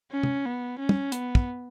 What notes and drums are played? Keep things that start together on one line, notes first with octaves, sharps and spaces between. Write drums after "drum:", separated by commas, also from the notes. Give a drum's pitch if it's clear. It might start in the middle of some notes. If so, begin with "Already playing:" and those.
C#4
drum: tom
B3
C#4
drum: tom
B3, drum: hi-hat
drum: kick